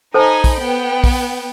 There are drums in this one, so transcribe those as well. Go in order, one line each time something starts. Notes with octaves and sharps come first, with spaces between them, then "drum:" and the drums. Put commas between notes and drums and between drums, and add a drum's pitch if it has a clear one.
D#4 A4 C5 G#5 A5 B5
drum: kick, open hi-hat
B3 G5
drum: kick, open hi-hat